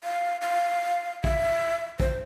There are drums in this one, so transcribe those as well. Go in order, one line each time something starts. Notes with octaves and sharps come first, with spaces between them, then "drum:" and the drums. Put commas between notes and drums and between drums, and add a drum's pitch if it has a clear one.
F5
F5
E5, drum: kick
C5, drum: kick